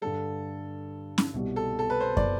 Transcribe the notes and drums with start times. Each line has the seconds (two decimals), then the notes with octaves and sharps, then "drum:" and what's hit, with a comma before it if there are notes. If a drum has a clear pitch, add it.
0.01 G2 D3 G3 A4
1.18 drum: snare C#4
1.34 C2 B2 G3
1.56 A4
1.79 A4
1.90 B4
2.00 C5
2.17 D5, drum: kick F#2